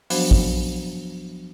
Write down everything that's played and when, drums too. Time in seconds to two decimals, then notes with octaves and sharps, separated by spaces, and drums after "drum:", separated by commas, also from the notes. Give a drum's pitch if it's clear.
0.10 F3 F#3 B3 D4 F#4 C5, drum: open hi-hat
0.31 drum: kick